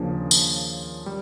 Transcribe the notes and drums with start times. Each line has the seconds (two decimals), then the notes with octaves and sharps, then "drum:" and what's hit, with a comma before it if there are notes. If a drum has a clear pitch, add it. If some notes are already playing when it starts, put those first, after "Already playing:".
Already playing: D#2 C#3 F3 A#3 D4
0.31 drum: tambourine
1.06 G3